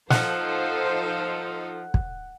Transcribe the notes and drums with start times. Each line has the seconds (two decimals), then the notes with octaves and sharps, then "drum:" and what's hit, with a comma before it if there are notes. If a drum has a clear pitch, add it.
0.10 F3 D#4 A4 C5 F#5, drum: snare
1.94 drum: kick